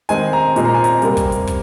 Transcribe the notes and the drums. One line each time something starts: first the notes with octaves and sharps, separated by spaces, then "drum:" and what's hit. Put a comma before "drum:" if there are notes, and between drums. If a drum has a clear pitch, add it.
D#3 G#3 C4 G#5, drum: hi-hat
A#5
A#2 G#3 C4, drum: hi-hat
A#5
G#5
A#5, drum: hi-hat
C3 G3 A#3, drum: hi-hat
drum: kick, hi-hat
drum: hi-hat
drum: kick, hi-hat